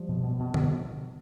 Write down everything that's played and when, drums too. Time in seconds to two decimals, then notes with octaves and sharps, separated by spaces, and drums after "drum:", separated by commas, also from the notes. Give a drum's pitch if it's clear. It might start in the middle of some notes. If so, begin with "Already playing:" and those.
Already playing: F3 G3
0.09 B2
0.23 B2
0.39 B2
0.54 B2, drum: tom D3